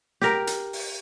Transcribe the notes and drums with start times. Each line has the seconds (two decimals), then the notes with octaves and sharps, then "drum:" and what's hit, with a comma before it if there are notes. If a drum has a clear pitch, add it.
0.21 G4 A#4, drum: snare
0.47 drum: hi-hat
0.73 drum: open hi-hat